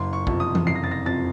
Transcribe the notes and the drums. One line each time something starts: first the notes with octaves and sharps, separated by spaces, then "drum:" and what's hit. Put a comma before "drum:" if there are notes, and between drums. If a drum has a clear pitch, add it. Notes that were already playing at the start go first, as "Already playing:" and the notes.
Already playing: F#1 C6
C#6
F2 C3, drum: kick
D#6
drum: tom E3
F#1 C7
A#6
A6
A#6
F2 C3 A6